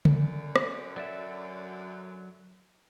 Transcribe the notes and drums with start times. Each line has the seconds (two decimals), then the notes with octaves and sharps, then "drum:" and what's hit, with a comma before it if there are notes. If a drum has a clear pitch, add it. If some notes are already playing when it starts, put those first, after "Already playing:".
0.05 F#2 D3, drum: tom
0.56 drum: rim click
0.96 F#3 D5 E5